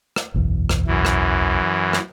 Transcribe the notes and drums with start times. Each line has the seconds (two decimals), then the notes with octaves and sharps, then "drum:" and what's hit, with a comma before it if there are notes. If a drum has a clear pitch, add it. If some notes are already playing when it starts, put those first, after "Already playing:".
0.16 drum: rim click
0.34 F#1 B1 E2
0.69 drum: rim click
0.87 F#2 E3
1.05 drum: rim click
1.93 drum: rim click